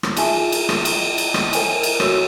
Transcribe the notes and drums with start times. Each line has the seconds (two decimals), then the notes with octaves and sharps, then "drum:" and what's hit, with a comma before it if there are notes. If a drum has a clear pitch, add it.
0.03 drum: rim click
0.17 D#4 F4 G#4 E5 G#5 A5, drum: cymbal
0.52 drum: cymbal
0.69 drum: rim click
0.85 drum: cymbal
1.18 drum: cymbal
1.34 drum: rim click
1.53 A4 A#4 C5 C#5 G5 G#5, drum: cymbal
1.83 drum: cymbal
2.00 F#4 A4 C#5 E6, drum: rim click